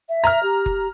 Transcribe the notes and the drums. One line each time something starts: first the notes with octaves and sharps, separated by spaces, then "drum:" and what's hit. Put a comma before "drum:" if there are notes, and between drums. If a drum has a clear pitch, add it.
E5
A#5 F6, drum: hi-hat
G4
drum: kick F#1